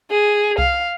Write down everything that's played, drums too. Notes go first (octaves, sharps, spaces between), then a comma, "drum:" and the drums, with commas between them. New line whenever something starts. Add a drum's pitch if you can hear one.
G#4
F5, drum: kick C2